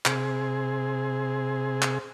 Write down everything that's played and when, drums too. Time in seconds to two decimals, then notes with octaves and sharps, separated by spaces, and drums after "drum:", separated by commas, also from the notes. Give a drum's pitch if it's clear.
0.05 C3 G#4, drum: clap
1.82 drum: clap